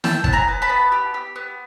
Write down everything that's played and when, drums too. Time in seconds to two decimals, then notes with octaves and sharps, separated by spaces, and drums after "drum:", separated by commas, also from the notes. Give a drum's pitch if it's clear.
0.04 E4 G5 A5, drum: snare
0.24 B3 A5, drum: kick
0.33 G#5 A#5
0.48 B3
0.62 A5 B5
0.69 B3
0.92 G4
1.14 G4
1.36 B3